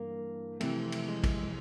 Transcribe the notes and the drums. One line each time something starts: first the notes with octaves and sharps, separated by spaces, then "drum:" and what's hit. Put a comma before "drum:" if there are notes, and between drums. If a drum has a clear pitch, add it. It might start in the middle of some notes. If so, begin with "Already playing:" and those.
Already playing: G2 E3 A#3
F2 C3 E3 A3, drum: cymbal
drum: cymbal
G#3
drum: kick, cymbal